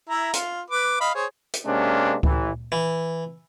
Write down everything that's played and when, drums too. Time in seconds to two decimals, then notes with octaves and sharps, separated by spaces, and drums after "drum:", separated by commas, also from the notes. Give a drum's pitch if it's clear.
0.09 E4 E5 A#5
0.33 F4, drum: hi-hat
0.70 B4 D6
1.01 D#5 F5 B5
1.15 G#4 C5 C#5
1.53 drum: hi-hat
1.66 C3 G#3 A#3 C#4 D4
2.23 A1 E3, drum: kick C#2
2.72 E3